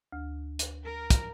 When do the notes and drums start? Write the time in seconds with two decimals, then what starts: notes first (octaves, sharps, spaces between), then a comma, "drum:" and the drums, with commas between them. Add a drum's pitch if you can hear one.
0.13 D2
0.59 drum: hi-hat
0.85 A#4
1.10 drum: kick, hi-hat